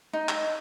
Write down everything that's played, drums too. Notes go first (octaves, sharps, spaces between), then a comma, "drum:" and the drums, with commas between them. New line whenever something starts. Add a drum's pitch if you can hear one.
D#4
drum: clap